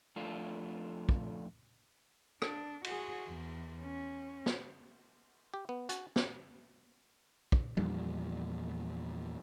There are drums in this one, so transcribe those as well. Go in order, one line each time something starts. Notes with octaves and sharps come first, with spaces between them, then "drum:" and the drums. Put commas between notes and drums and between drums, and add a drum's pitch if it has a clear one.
F2 A3 D4 F4
drum: kick
D4, drum: rim click
F#4 G#4, drum: cymbal
E2
C#4
drum: snare
G4
B3
F#4, drum: hi-hat
G4, drum: snare
drum: kick
E2 A#2 F3 G3, drum: tom